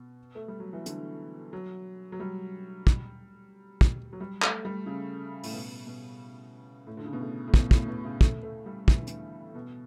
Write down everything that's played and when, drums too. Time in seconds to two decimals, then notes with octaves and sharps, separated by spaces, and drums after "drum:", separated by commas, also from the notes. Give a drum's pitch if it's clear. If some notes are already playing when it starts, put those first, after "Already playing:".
Already playing: B2
0.35 A3
0.48 G3
0.60 F#3
0.73 E3
0.86 D3, drum: hi-hat
1.53 F#3
2.12 F#3
2.20 G3
2.87 drum: kick
3.81 drum: kick
4.13 F#3
4.20 G3
4.42 A3, drum: clap
4.65 G3
4.86 C#3
5.43 A2, drum: open hi-hat
5.53 B2
5.87 B2
6.87 A2
6.97 D3
7.05 C#3
7.13 B2
7.21 A2
7.48 A2
7.54 B2, drum: kick
7.71 A2, drum: kick
7.88 B2
8.05 C#3
8.21 A3, drum: kick
8.43 A3
8.66 G3
8.88 E3, drum: kick
8.98 D3
9.07 E3, drum: hi-hat
9.55 B2